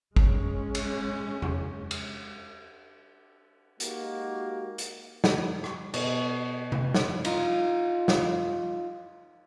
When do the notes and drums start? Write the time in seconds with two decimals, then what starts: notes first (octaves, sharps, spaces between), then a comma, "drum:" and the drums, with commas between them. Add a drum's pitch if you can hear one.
0.16 G#3 C#4, drum: kick
0.75 drum: cymbal
1.42 drum: tom E2
1.91 drum: cymbal
3.80 G#3 A#3 D#4 F#4 G4, drum: hi-hat
4.78 drum: hi-hat
5.24 drum: snare
5.64 drum: rim click
5.94 B2, drum: cymbal
6.72 drum: tom C3
6.94 drum: snare
7.25 D#4 F4, drum: cymbal
8.08 drum: snare